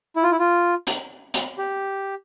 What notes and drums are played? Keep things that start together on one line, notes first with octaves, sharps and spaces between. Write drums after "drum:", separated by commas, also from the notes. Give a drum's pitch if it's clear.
E4
F4
E4
F4
drum: hi-hat
drum: hi-hat
G4